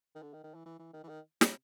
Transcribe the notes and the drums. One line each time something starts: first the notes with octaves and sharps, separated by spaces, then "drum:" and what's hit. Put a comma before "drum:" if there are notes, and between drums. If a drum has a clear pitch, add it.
D#3
D3
D#3
D#3
E3
E3
E3
D#3
E3
D#3
C3, drum: snare